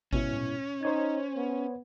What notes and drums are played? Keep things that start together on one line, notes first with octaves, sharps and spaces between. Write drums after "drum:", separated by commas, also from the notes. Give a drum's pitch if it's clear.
G#2 B2 C#4 E4, drum: kick G#1
drum: tom A#2
D#4 C5 C#5 G#6
B3